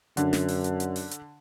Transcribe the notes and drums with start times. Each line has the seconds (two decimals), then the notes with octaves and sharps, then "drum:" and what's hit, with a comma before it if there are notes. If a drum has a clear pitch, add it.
0.17 F#2 D3, drum: hi-hat
0.33 drum: snare
0.48 drum: open hi-hat
0.64 drum: hi-hat
0.80 drum: hi-hat
0.96 drum: open hi-hat
1.11 drum: hi-hat